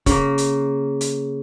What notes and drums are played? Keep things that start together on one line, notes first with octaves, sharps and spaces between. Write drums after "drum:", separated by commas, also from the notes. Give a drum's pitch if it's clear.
C#3 A#3, drum: kick, hi-hat
drum: hi-hat
drum: hi-hat